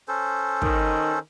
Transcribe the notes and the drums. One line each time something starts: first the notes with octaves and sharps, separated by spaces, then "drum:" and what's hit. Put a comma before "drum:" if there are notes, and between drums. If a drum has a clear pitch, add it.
C#4 A4 C5
D#3, drum: kick